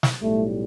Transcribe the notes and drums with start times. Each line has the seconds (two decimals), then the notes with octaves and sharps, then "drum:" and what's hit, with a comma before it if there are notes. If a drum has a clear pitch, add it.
0.03 drum: snare
0.21 B1 A2 G3 A3